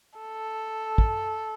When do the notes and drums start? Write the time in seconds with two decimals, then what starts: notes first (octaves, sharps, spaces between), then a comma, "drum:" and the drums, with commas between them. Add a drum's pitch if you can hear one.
0.18 A4
0.98 drum: kick